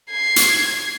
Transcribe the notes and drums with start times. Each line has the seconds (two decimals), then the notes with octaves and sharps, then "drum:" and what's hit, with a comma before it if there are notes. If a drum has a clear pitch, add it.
0.11 G#6 C7
0.36 drum: hi-hat